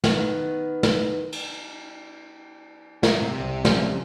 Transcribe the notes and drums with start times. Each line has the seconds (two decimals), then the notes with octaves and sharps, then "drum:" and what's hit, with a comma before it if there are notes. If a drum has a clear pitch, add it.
0.04 D#3 B3, drum: snare
0.83 drum: snare
1.32 drum: cymbal
3.03 G#3 A#4, drum: snare
3.21 C3
3.40 C2
3.65 F3 G3 C#4, drum: snare